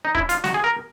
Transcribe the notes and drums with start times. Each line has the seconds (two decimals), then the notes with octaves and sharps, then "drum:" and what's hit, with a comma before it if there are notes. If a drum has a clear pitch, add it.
0.05 D#4
0.15 E4, drum: kick
0.29 F4, drum: hi-hat
0.44 F#4, drum: snare
0.54 G#4
0.64 A#4